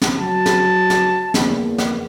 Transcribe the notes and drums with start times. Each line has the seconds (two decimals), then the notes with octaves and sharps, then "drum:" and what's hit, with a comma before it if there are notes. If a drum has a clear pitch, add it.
0.02 drum: snare
0.18 F#3 A5
0.46 drum: snare
0.90 drum: snare
1.34 E2 A#3, drum: snare
1.78 drum: snare